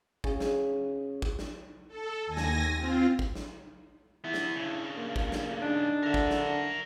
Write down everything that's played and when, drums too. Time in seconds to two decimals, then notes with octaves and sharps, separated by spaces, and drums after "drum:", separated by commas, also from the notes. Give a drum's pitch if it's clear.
0.24 C#3 F#4 G#5, drum: kick
0.40 drum: snare
1.22 drum: kick
1.39 drum: snare
1.88 A4
2.26 D#2 G#5 A#6
2.37 drum: snare
2.73 C4 F4
3.19 drum: kick
3.35 drum: snare
4.24 E3 B3 E4
4.34 drum: snare
4.56 G2 C#3
4.97 A#3
5.16 drum: kick
5.32 drum: snare
5.62 D4 D#4 G#4
6.03 D3 A#4 E5
6.14 drum: kick
6.31 drum: snare